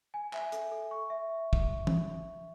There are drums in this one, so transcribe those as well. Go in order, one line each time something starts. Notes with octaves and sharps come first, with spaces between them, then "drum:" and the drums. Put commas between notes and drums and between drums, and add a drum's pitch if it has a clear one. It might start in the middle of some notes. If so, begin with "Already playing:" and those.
G#5
E5, drum: clap
A4, drum: hi-hat
A4
C#6
E5
drum: kick
drum: tom